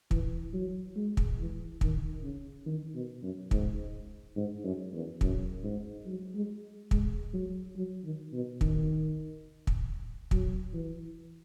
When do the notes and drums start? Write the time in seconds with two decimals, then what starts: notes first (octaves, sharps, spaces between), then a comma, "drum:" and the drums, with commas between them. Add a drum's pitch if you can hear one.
0.11 E3, drum: kick
0.53 F#3
0.96 G#3
1.17 drum: kick
1.38 E3
1.81 D#3, drum: kick
2.23 C#3
2.66 D#3
2.94 B2
3.22 F#2
3.51 G#2, drum: kick
4.36 G#2
4.64 F#2
4.93 E2
5.21 F#2, drum: kick
5.63 G#2
6.06 F#3
6.35 G#3
6.91 G#3, drum: kick
7.33 F#3
7.76 F#3
8.04 D#3
8.32 B2
8.61 D#3, drum: kick
9.67 drum: kick
10.31 F#3, drum: kick
10.73 E3